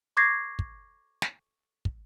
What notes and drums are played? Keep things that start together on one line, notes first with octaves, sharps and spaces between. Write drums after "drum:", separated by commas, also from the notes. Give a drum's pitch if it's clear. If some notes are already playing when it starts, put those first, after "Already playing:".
C#6 D6 G6 G#6 A#6 C7
drum: kick
drum: snare
drum: kick